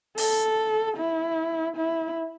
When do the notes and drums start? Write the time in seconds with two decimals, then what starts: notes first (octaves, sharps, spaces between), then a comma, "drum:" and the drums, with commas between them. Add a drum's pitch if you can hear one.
0.18 A4, drum: open hi-hat
0.97 E4
1.76 E4